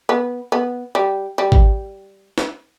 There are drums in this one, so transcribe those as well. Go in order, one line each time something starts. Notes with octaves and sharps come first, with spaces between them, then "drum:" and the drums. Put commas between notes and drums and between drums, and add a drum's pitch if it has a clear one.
B3
B3
G3
G3
drum: kick G#1
drum: snare